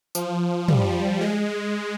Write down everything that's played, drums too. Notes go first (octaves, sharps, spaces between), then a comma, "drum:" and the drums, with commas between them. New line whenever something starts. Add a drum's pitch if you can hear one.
F3, drum: tambourine
G3, drum: tom
G#3